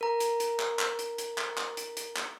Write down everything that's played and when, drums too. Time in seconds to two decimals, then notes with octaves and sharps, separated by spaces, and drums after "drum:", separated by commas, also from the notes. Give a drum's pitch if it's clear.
0.01 A#4 A#5
0.20 drum: hi-hat
0.40 drum: hi-hat
0.60 drum: clap
0.79 drum: clap
0.99 drum: hi-hat
1.18 drum: hi-hat
1.38 drum: clap
1.58 drum: clap
1.77 drum: hi-hat
1.97 drum: hi-hat
2.16 drum: clap